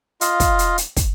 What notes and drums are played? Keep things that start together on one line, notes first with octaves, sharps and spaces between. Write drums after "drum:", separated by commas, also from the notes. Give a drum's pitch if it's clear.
F4 D#5 F5, drum: hi-hat
drum: kick, hi-hat
drum: hi-hat
drum: hi-hat
drum: kick, hi-hat